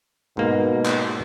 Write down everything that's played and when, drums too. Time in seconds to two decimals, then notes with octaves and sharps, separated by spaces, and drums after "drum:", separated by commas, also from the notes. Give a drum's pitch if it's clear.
0.37 G#2 B2 A#3
0.86 drum: clap